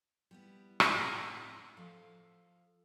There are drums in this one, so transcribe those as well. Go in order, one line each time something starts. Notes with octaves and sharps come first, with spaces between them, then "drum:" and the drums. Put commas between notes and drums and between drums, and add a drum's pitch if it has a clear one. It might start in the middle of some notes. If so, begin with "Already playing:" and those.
G3 B3 E4
drum: rim click
A2 C4 D#5 F#5 A#5
F3 A4 F5